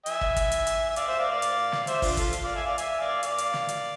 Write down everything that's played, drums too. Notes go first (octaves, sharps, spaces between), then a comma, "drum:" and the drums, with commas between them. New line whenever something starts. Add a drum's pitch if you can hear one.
E5 G#5, drum: hi-hat
drum: kick
drum: kick, hi-hat
drum: hi-hat
drum: hi-hat
E5
D5 F5, drum: hi-hat
C5 E5
D5 F5
D5 F5
drum: hi-hat
drum: snare
C5 E5, drum: hi-hat
D4 F4, drum: kick, open hi-hat
F4 A4, drum: kick, hi-hat
drum: hi-hat
D5 F5
E5 G#5
D5 F5
E5 G#5, drum: hi-hat
D5 F5
D5 F5, drum: hi-hat
drum: hi-hat
drum: snare
drum: hi-hat